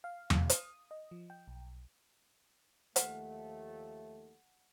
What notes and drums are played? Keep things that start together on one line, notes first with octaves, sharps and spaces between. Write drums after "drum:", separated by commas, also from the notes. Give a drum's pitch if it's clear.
F5
drum: tom E2
D#6, drum: hi-hat
D#5
F3
G5
B1
D#2 F3 A3 F#5, drum: hi-hat